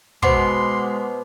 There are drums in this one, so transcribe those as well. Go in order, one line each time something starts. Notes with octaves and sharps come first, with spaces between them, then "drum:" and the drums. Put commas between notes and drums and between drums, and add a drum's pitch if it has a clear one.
B2 G#3 C5 F#5 C6 D6, drum: kick